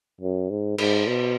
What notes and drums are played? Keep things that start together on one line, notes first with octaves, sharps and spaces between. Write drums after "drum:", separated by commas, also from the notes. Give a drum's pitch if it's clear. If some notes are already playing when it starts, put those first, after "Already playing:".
F#2
G#2
G#2, drum: cymbal
B2